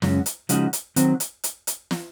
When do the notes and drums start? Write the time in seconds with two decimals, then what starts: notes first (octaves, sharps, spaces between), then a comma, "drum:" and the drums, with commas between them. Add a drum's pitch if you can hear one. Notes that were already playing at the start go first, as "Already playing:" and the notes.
0.02 F#2 C#3 G#3 C#4 F#4, drum: snare
0.26 drum: hi-hat
0.49 C#3 F3 G#3 D#4 F#4, drum: hi-hat
0.73 drum: hi-hat
0.96 D#3 F#3 C4 F#4, drum: hi-hat
1.20 drum: hi-hat
1.44 drum: hi-hat
1.67 drum: hi-hat
1.91 drum: snare